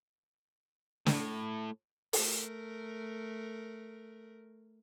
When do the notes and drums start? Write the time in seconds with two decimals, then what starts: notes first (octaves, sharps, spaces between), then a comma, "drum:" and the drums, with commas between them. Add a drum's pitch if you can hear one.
1.06 A2, drum: snare
2.13 A3 A#4, drum: open hi-hat